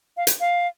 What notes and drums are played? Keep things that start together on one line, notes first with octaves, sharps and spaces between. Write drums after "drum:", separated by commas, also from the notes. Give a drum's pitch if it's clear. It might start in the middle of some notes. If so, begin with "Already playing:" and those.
F5
drum: hi-hat
F5